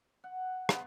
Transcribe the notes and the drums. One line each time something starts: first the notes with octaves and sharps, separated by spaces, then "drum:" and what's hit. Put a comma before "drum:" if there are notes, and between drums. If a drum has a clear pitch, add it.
F#5
B3, drum: rim click